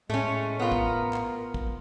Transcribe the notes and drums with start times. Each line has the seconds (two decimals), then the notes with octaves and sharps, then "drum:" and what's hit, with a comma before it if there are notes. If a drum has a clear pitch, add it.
0.10 A2 G#3 A3 C#4
0.59 B3 F4 A#4
0.72 drum: kick
1.13 drum: clap
1.54 drum: kick